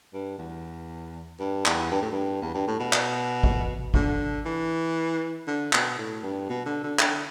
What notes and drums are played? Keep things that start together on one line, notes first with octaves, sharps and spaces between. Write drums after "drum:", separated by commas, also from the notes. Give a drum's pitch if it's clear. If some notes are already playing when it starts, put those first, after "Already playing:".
G2
E2
G2
E2, drum: clap
G2
A2
G2
E2
G2
A2
B2
drum: clap
drum: kick G#1
D3, drum: kick G#1
E3
D3
B2, drum: clap
A2
G2
B2
D3
D3
D3, drum: clap